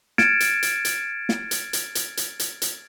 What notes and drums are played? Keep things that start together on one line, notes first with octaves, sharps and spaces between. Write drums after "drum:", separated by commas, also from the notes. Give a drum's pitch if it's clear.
F6 G#6 A6 C#7 D7 E7, drum: snare
drum: hi-hat
drum: hi-hat
drum: hi-hat
drum: snare
drum: hi-hat
drum: hi-hat
drum: hi-hat
drum: hi-hat
drum: hi-hat
drum: hi-hat